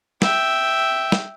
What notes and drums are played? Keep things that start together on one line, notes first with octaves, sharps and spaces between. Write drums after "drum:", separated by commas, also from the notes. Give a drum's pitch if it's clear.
E5 G5, drum: snare
drum: snare